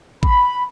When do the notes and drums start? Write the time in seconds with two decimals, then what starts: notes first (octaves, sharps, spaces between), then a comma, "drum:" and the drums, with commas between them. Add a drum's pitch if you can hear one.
0.23 B5, drum: kick A1